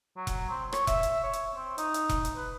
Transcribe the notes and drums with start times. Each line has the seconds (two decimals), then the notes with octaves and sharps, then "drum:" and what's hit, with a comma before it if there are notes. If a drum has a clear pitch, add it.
0.17 F#3
0.27 drum: kick E1, hi-hat
0.49 C4
0.73 C#5, drum: rim click
0.87 E5, drum: kick E1, hi-hat
1.03 drum: hi-hat
1.23 C#5
1.33 drum: hi-hat
1.55 C4
1.78 D#4, drum: hi-hat
1.94 drum: hi-hat
2.09 drum: kick E1, hi-hat
2.25 drum: hi-hat
2.36 B4